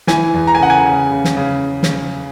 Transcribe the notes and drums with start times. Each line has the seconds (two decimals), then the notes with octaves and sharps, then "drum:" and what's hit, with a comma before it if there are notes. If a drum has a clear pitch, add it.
0.07 E3 G#5, drum: snare
0.34 E2
0.47 A#5
0.55 G#5
0.60 C#3 F#5
0.70 G#5
0.85 C#3
1.11 C#3
1.24 drum: snare
1.37 C#3
1.83 drum: snare